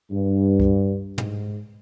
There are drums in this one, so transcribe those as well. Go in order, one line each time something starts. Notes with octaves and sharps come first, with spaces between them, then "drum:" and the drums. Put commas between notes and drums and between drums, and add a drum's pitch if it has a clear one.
G2
drum: kick C#2
G#2, drum: tom